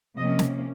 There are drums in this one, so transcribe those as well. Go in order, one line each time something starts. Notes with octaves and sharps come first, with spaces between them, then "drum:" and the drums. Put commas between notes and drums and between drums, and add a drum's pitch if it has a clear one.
C3 F3 A#3 C#4 D#5
drum: snare